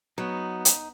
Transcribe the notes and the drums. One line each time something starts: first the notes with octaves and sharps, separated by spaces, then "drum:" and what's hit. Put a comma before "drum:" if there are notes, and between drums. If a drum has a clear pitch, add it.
F#3 B3 D#4
drum: hi-hat